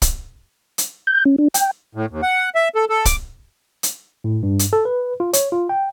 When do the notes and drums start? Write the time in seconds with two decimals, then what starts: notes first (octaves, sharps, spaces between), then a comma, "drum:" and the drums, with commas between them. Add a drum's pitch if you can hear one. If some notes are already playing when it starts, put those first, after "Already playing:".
0.02 drum: kick, hi-hat
0.78 drum: hi-hat
1.07 G6
1.25 C#4
1.38 D4
1.54 G5, drum: hi-hat
1.95 A2
2.10 D#2
2.22 F#5
2.55 E5
2.75 A4
2.89 A4
3.05 D6, drum: kick, hi-hat
3.83 drum: hi-hat
4.24 A2
4.43 G2
4.59 drum: hi-hat
4.73 A4
4.85 B4
5.20 F4
5.33 C#5, drum: hi-hat
5.52 F4
5.69 G5